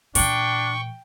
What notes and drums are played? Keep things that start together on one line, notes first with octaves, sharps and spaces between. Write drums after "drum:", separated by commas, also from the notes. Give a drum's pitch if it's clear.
A#2 E3 D4 G5 C#6, drum: open hi-hat